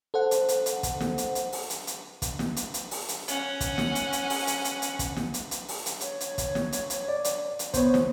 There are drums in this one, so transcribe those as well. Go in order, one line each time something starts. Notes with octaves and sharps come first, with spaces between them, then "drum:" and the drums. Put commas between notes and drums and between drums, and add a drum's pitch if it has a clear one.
A4 C5 F#5
drum: hi-hat
drum: hi-hat
drum: hi-hat
drum: kick, hi-hat
drum: snare
drum: hi-hat
drum: hi-hat
drum: open hi-hat
drum: hi-hat
drum: hi-hat
drum: kick, hi-hat
drum: snare
drum: hi-hat
drum: hi-hat
drum: open hi-hat
drum: hi-hat
C#4 F#5, drum: hi-hat
drum: kick, hi-hat
drum: snare
drum: hi-hat
drum: hi-hat
drum: open hi-hat
drum: hi-hat
drum: hi-hat
drum: hi-hat
drum: kick, hi-hat
drum: snare
drum: hi-hat
drum: hi-hat
drum: open hi-hat
drum: hi-hat
C#5, drum: hi-hat
drum: hi-hat
drum: kick, hi-hat
drum: snare
drum: hi-hat
drum: hi-hat
D5
drum: hi-hat
drum: hi-hat
B3 C5 C#5, drum: kick, hi-hat
drum: snare